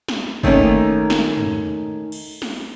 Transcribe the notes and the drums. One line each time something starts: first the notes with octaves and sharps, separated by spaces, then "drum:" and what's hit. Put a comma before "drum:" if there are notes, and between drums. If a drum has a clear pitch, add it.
drum: snare
D#3 A3 A#3 C#4 D#4, drum: kick
drum: snare
drum: tom
drum: cymbal
drum: snare